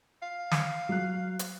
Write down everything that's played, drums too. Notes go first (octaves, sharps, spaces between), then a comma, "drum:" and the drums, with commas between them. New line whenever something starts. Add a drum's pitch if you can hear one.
F5
drum: snare
F#3 F#6
drum: hi-hat